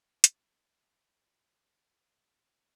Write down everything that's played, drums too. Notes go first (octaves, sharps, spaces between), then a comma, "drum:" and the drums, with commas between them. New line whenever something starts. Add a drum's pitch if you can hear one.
C#4 E4 B5, drum: hi-hat